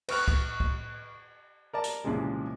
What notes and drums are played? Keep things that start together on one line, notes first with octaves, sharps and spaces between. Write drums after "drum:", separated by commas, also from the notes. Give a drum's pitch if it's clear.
B4 C#6 F6 F#6, drum: cymbal
drum: kick C2
drum: kick C2
A#4 D5 A5
drum: hi-hat
C2 A#2 C#3 E3 F3 G#3